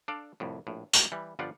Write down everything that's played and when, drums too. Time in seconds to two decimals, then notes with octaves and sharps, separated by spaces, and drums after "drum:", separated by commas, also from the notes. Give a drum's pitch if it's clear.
0.08 D4 A4 D5 F5
0.40 C2 F2 A2
0.67 A#1 A2
0.93 A3 A#3 F#4 G4 C5, drum: tambourine
1.12 E3 G3
1.39 G1 F3 G3 F4 D5 F#5